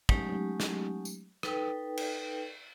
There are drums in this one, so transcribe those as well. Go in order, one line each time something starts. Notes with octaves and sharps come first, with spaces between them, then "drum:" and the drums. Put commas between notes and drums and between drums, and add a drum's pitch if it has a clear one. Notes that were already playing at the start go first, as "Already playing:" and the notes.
F#3 G#3 A3 C#4 D#4 G4, drum: kick
drum: snare
drum: tambourine
D#4 A4 B4 G5, drum: rim click
drum: cymbal